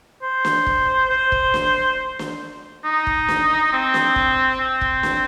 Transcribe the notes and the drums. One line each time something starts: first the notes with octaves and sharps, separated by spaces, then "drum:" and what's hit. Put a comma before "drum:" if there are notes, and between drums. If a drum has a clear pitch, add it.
C5
drum: snare
drum: kick
C5
drum: kick
drum: snare
drum: snare
D#4
drum: kick
drum: snare
C4
drum: snare
drum: kick
C4
drum: kick
drum: snare